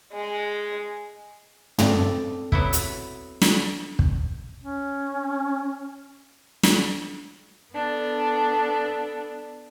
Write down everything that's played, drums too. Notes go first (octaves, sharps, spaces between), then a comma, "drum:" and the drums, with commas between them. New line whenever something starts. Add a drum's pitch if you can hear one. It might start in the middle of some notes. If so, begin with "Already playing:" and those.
G#3
C4 A4 D5, drum: tom
F#3 B3 E4, drum: kick
drum: hi-hat
drum: snare
drum: kick
C#4
drum: snare
B3 D4 A4